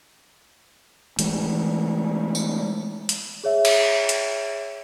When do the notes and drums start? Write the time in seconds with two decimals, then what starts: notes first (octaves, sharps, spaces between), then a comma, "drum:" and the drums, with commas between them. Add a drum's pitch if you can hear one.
1.19 E3 G#3 A3, drum: hi-hat
2.35 drum: tambourine
3.09 drum: hi-hat
3.44 G#4 C#5 E5
3.65 drum: cymbal
4.09 drum: hi-hat